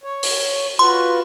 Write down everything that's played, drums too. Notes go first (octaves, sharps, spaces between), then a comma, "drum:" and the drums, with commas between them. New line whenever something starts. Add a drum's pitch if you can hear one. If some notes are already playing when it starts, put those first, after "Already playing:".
C#5
drum: open hi-hat
F4 F#4 B4 C6